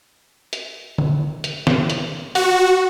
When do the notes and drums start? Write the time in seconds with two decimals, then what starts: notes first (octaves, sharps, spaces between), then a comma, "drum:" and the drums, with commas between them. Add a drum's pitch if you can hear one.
0.53 drum: hi-hat
0.98 drum: tom
1.44 drum: hi-hat
1.67 drum: snare
1.90 drum: hi-hat
2.35 F#4, drum: hi-hat